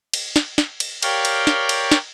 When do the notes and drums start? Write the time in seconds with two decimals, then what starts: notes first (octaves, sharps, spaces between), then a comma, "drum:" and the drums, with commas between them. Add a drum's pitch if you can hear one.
0.13 drum: cymbal
0.36 drum: snare
0.58 drum: snare
0.80 drum: cymbal
1.02 G4 A#4 C#5 D5 F5 G5, drum: cymbal
1.25 drum: cymbal
1.47 drum: snare
1.69 drum: cymbal
1.91 drum: snare